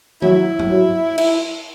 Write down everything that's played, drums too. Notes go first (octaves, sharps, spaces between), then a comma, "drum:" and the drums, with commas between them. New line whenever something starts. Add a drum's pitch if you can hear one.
F#3 E4, drum: tom D#3
drum: tom
F#3
E4, drum: cymbal